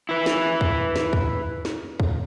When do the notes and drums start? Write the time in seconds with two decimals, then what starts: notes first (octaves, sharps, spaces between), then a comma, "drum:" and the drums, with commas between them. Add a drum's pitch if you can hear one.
0.09 E4 B4
0.26 drum: snare
0.61 drum: kick
0.96 drum: snare
1.13 drum: kick
1.65 drum: snare
2.00 drum: kick